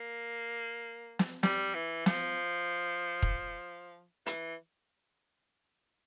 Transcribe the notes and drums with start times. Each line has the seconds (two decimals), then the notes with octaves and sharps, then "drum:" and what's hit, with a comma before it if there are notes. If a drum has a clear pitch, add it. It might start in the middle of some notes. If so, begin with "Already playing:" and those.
Already playing: A#3
1.19 drum: snare
1.43 G3, drum: snare
1.74 E3
2.06 F3, drum: snare
3.22 drum: kick
4.26 E3, drum: hi-hat